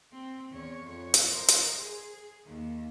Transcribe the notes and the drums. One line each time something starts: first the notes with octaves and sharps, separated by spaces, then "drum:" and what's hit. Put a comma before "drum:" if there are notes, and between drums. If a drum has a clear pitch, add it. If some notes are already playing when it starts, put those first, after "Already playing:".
C4
E2 C#5
F2 C#5
drum: hi-hat
A#4 C5
drum: hi-hat
G#4
D#2